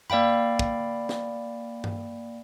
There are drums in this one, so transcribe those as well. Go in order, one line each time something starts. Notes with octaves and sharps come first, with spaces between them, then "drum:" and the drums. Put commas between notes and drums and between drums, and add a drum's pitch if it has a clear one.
A#3 D5 F5 G5 B5, drum: tom F#2
drum: kick
drum: snare
drum: tom G2